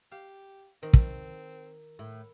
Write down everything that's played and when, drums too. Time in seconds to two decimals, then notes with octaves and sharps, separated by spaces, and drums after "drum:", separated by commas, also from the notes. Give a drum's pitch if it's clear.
0.12 G4 F5
0.83 D#3 C4 A#4
0.93 drum: kick
1.99 A2